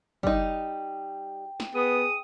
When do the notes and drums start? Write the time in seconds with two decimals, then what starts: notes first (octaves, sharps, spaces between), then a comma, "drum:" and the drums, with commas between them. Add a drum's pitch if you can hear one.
0.23 G3 D#4 G5, drum: kick
1.60 drum: snare
1.75 B3 G#4 D#6